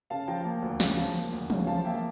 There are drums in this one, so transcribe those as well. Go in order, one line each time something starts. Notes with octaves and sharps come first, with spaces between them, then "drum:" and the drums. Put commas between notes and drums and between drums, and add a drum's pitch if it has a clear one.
C#3 F5 A5
F3 G5 A#5
A#3
D2
C#3, drum: snare
F3
A#3
D2
C#3, drum: tom
F3 F5 A5
A#3 E5 G5